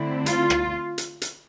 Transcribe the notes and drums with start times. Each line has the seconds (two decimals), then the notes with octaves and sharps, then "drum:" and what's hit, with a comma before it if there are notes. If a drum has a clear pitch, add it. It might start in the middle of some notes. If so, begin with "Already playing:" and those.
Already playing: D3 A3 C4 E4
0.26 F4, drum: hi-hat
0.50 drum: rim click
0.98 drum: hi-hat
1.22 drum: hi-hat